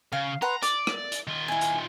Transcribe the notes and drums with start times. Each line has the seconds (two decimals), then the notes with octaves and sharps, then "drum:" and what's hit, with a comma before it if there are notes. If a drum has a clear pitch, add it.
0.12 C#3 F5
0.42 B4 F#5 A#5 C6
0.62 D5 D6, drum: hi-hat
0.87 drum: rim click
1.12 drum: hi-hat
1.28 D#3 F4
1.48 E4 G#5
1.61 drum: hi-hat